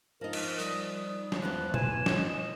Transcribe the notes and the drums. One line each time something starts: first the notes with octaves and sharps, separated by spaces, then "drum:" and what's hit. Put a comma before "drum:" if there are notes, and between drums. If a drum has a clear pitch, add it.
F3 D#4 A#4
drum: cymbal
G3 D#6, drum: tambourine
drum: snare
E2 E3 F3 F#6
E3 G#5 E7, drum: tom A#2
drum: snare
D#5